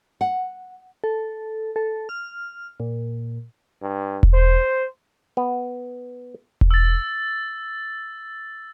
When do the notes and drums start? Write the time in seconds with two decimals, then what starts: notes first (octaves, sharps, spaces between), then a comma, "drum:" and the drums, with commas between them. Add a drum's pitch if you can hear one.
0.21 F#5
1.04 A4
1.76 A4
2.09 F6
2.80 A#2
3.82 G2
4.23 drum: kick E1
4.34 C5
5.37 B3
6.61 drum: kick E1
6.71 E6 A6